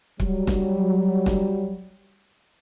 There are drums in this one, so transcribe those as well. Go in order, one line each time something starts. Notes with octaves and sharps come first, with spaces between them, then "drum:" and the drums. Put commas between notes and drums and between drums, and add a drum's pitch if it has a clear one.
F#3 G3, drum: kick C#1
drum: snare E1
drum: snare E1